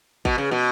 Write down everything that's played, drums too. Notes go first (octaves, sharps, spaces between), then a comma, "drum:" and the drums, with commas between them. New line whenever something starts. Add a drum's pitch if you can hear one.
B2, drum: kick G#1
C#3
B2